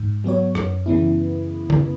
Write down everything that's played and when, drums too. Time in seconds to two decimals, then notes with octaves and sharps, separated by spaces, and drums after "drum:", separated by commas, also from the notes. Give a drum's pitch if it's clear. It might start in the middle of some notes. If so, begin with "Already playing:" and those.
Already playing: G#2
0.24 F#3 B3 F#4 C#5
0.55 F#2, drum: rim click
0.86 C#3 E3 B3 E4
1.70 drum: tom C#3